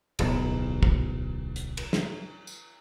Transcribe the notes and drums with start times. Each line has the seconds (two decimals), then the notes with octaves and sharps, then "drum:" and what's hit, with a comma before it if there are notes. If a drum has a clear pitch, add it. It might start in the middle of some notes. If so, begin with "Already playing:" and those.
0.19 D1 B1 B2, drum: cymbal
0.83 drum: kick
1.56 drum: hi-hat
1.77 drum: cymbal
1.93 drum: snare
2.47 drum: tambourine